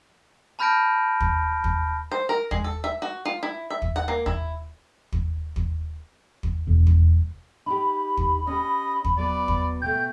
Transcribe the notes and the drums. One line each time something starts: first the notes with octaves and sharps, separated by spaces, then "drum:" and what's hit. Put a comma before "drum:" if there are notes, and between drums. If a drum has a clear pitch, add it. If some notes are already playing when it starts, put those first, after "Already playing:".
A5 B5 F6 G6 A#6 D7
drum: kick
drum: kick
C5
A#4
G#3, drum: kick
A4
E5
F#4
F4
E4
E5
drum: kick
F#5
A#3
E4, drum: kick
drum: kick
drum: kick
drum: kick
E1
drum: kick
D#4 G4 B5
drum: kick
C#4 G4 D#5
drum: kick
F#3 B3 D5
drum: kick
B2 A3 G5 G6